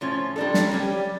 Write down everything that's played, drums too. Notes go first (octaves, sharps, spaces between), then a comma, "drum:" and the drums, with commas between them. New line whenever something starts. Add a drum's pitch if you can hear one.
A2 F3 C#4
G3 A#3 D4 A4
drum: snare
G3 C#4 G4